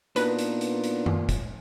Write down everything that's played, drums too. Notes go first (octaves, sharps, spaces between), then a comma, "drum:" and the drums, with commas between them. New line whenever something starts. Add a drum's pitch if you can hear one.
A#2 B3 D4 D#4 F#4 B4, drum: hi-hat
drum: hi-hat
drum: hi-hat
drum: hi-hat
drum: tom
drum: kick F1, hi-hat